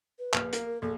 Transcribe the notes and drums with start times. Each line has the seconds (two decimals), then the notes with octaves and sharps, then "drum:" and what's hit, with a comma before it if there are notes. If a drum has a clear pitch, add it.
0.19 B4
0.34 A#1 F6, drum: clap
0.53 A#3, drum: hi-hat
0.65 A#4
0.82 A#1 A4